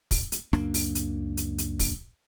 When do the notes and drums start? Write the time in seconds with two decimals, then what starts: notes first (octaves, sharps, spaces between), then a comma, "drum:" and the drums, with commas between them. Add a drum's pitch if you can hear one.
0.11 drum: kick, open hi-hat
0.32 drum: hi-hat
0.53 C#2 F#2 A#3 D4, drum: rim click
0.74 drum: open hi-hat
0.95 drum: hi-hat
1.37 drum: hi-hat
1.58 drum: hi-hat
1.79 drum: kick, open hi-hat